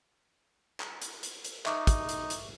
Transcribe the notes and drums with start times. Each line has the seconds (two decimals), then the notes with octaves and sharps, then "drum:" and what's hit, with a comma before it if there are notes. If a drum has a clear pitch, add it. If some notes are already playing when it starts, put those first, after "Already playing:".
0.80 drum: clap
1.02 drum: hi-hat
1.23 drum: hi-hat
1.44 drum: hi-hat
1.66 D#4 E5 C#6 D6, drum: clap
1.87 drum: kick, hi-hat
2.09 drum: hi-hat
2.30 drum: hi-hat